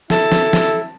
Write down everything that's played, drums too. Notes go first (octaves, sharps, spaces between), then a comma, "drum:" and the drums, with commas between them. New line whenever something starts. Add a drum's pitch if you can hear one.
E4 A4 A5, drum: snare
drum: snare
drum: snare